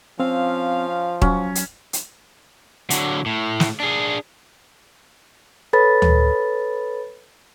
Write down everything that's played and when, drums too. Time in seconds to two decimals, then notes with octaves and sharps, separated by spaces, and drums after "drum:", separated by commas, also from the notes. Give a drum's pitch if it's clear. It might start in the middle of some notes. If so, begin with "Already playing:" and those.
0.20 F3 C4 C#4 F5
1.22 F#3 C#4, drum: kick D#1
1.55 drum: hi-hat
1.93 drum: hi-hat
2.90 D3 F#3, drum: hi-hat
3.26 A2
3.60 drum: snare
3.80 D4 G#4
5.73 A4 B4 C#5 B5 A6
6.02 drum: tom D2